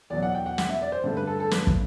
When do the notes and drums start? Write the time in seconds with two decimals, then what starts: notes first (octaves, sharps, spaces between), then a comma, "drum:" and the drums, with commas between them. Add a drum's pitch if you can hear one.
0.10 E2 B2 F#3 D5
0.23 F#5
0.34 G5
0.46 F#5
0.58 F#5, drum: snare
0.69 E5
0.82 D5
0.92 C5
1.04 G2 D3 A3 C4
1.17 B4
1.27 A4
1.40 A4
1.51 B4, drum: snare
1.67 drum: kick